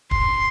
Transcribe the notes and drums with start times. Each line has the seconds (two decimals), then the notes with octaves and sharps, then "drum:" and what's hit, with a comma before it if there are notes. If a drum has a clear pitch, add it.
0.11 C6, drum: kick